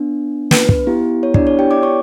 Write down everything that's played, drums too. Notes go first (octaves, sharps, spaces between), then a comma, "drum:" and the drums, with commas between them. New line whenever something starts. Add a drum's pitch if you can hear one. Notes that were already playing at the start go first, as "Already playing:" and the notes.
Already playing: B3 D4
B4, drum: snare
drum: kick
B3 E4 G4
C#5
D4 D5, drum: kick
C#5
G4 G5
D5 D6
C#5 C#6